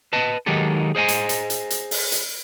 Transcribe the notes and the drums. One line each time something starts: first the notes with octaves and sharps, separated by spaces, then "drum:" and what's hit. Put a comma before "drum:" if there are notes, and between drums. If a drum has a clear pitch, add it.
B4 D#5 A5
D#3 F#3 G#3 D#4 G4 A4
G#4 C5 D#5 G#5
drum: hi-hat
drum: hi-hat
drum: hi-hat
drum: hi-hat
drum: open hi-hat
drum: hi-hat